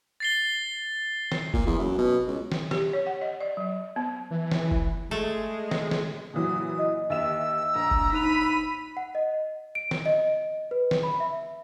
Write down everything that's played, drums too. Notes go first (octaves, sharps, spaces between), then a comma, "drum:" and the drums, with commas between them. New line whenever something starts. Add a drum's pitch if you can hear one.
A6 C7 G7
drum: snare
A#2, drum: kick F#1
E2
F#2
B2
C#2
drum: snare
G4, drum: snare
C#5
F#5
D#5
D5
F#3
B3
E3
drum: snare
drum: kick F#1
G#3 A3
drum: snare
drum: snare
A#2 E3 F#3 D#6
D#5
D#2 E5 E6 E7
A#1 A#5
drum: kick F#1
D#4 B5 F#6 D#7 F7
F#5
D#5
D7
drum: snare
D#5
B4
drum: snare
B5
E5